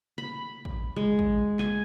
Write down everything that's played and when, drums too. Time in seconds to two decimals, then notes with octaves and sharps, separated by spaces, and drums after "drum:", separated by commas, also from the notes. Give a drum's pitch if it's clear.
0.18 B5
0.65 drum: kick
0.96 G#3
1.19 drum: kick
1.59 G#5, drum: clap